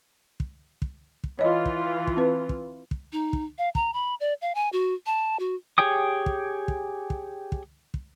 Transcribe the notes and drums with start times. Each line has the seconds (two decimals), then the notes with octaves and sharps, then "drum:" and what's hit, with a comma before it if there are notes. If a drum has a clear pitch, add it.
0.40 drum: kick
0.82 drum: kick
1.24 drum: kick
1.39 E3 F4 C#5 D#5
1.65 drum: kick
2.07 drum: kick
2.17 C4 B4
2.49 drum: kick
2.91 drum: kick
3.12 D#4
3.33 drum: kick
3.58 F5
3.75 A#5, drum: kick
3.94 B5
4.20 D5
4.41 F5
4.55 G#5
4.73 F#4
5.06 A5
5.39 F#4
5.78 G4 G#4 C#5 G5 D#6
6.26 drum: kick
6.68 drum: kick
7.10 drum: kick
7.52 drum: kick
7.94 drum: kick